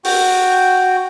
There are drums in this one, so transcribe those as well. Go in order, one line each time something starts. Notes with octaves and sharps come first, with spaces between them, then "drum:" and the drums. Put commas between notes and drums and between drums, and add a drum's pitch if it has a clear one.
F#4 G5, drum: open hi-hat